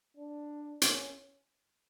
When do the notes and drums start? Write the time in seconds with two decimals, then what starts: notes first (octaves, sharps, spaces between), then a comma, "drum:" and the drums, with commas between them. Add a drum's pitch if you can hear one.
0.17 D4
0.82 C#4, drum: hi-hat